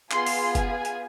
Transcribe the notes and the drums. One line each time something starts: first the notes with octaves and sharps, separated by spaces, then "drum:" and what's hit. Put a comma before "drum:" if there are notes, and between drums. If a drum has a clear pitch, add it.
B3 F4 G#4 C6, drum: clap
drum: open hi-hat
G#5, drum: kick, hi-hat
drum: hi-hat